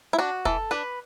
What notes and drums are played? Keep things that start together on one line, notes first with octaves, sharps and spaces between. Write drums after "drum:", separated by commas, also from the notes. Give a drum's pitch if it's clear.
E4
D4 F#4
E3 A4, drum: kick
D4 B4